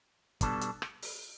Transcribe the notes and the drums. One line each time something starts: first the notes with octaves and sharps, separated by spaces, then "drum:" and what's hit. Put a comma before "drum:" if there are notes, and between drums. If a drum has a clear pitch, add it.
B2 G3 B3 D4 A4, drum: kick, hi-hat
drum: hi-hat
drum: rim click
drum: open hi-hat